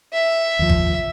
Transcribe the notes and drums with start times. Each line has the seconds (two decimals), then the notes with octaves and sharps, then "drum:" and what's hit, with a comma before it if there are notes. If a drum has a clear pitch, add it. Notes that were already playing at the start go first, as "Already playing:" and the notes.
0.13 E5
0.59 D#2 F3
0.69 drum: kick G#1